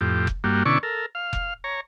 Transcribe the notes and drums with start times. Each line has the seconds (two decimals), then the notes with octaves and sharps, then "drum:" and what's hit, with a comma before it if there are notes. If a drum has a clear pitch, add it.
0.01 F2 A2 G4
0.27 drum: kick F1
0.44 G2 G3 A#3 F#4
0.66 B2 D3 C#4 E4 D5 C#6
0.83 A4 A#4
1.15 F5
1.33 drum: kick F1
1.64 C#5 A#5